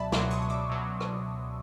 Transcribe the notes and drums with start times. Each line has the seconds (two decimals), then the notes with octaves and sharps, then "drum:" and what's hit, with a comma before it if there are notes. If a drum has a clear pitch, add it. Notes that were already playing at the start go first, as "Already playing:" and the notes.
Already playing: C#2 B2 F#3 D5 E5 A5 B5
0.12 C#2 B2 F#3 C6 D6, drum: snare
0.30 C#6 D#6
0.42 D#6
0.50 D6 E6
0.69 B2 F#3
1.01 drum: rim click